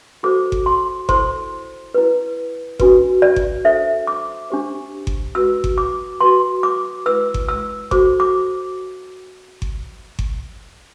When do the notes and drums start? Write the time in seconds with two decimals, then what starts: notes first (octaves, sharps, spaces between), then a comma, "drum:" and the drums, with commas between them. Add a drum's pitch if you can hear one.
0.23 F#4 A4 C5 D6
0.52 drum: kick G1
0.66 C6
1.09 E4 A4 C5 C6, drum: kick G1
1.94 E4 B4
2.79 D4 F#4 B4, drum: kick G1
3.22 D5
3.36 drum: kick G1
3.65 D4 A4 C5 E5
4.07 D6
4.50 D4 G4 C5
5.07 drum: kick G1
5.35 F#4 B4 E6
5.64 drum: kick G1
5.78 D6
6.21 F#4 B4 C6
6.63 D6
7.06 E4 B4 E6
7.34 drum: kick G1
7.49 E6
7.91 F#4 A4 C5 D6, drum: kick G1
8.20 D6
9.62 drum: kick G1
10.19 drum: kick G1